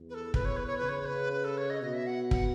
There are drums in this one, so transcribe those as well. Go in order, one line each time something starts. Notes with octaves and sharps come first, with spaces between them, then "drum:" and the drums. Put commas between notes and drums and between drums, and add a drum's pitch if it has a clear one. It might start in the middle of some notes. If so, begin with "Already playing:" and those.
Already playing: E2
B4
A4
B4, drum: kick
C#5
B4
C#5
C#3 B4
C#5
C#5
B4
B4
A4
C#5
D#5
B2 D#5
E5
F#5
F#5, drum: kick